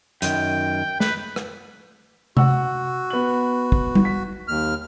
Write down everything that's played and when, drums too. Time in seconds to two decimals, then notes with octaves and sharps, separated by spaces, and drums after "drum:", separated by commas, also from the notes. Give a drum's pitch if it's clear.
0.22 F#2 D#3 G5, drum: hi-hat
1.00 B4, drum: snare
1.36 drum: rim click
2.37 F#4 F#5 E6, drum: tom C3
3.10 B3 F#7
3.72 drum: kick
3.95 drum: tom G3
4.05 B6
4.48 D#2 F6